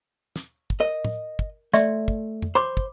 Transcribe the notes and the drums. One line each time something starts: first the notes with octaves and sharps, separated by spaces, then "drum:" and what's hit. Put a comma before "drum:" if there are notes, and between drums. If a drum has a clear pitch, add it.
drum: snare
drum: kick
A#4 D#5
drum: tom
drum: kick
A3 D5 E5 C6, drum: snare
drum: kick
drum: tom F2
C5 B5 C6 D6
drum: kick